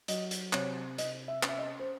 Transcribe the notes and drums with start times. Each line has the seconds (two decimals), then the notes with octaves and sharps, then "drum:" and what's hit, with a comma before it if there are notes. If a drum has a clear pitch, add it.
0.08 F#3 D#5, drum: hi-hat
0.31 drum: hi-hat
0.53 C3 C#5, drum: clap
0.98 C3 D#5, drum: hi-hat
1.28 E5
1.43 C#4, drum: clap
1.49 E5
1.58 D#5
1.79 C5